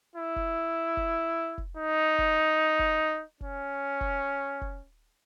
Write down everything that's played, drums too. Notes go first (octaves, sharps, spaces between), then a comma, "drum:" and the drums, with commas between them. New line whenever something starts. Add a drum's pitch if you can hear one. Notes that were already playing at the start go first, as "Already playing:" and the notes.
E4
drum: kick
drum: kick
drum: kick
D#4
drum: kick
drum: kick
C#4, drum: kick
drum: kick
drum: kick